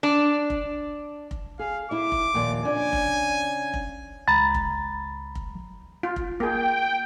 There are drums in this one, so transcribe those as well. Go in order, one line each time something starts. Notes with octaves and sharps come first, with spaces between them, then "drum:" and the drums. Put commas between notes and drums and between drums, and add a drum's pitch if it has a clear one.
D4
drum: kick F1
drum: kick F1
G#4 F5
E4 E5 D6
drum: kick F1
D#2 A#2 F3
C#3 D4 G#5
drum: kick F1
drum: kick F1
C#2 A#5 B5 A6
drum: kick F1
drum: kick F1
F4
drum: kick F1
A#3 G#4 G5